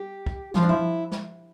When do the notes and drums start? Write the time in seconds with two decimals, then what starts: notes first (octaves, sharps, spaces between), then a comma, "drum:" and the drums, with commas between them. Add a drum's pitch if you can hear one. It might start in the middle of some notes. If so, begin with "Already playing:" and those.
Already playing: G4
0.26 drum: kick
0.54 F3 F4, drum: snare
0.63 D4
0.69 E4
1.11 drum: snare